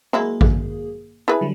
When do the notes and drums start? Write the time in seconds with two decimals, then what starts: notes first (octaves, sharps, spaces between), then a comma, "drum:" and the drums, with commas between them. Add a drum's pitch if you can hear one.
0.13 F#3 G#3 A#3 E4 G#4
0.41 drum: kick A1
1.28 E4 G#4 B4 A5
1.41 D3 F#3 G3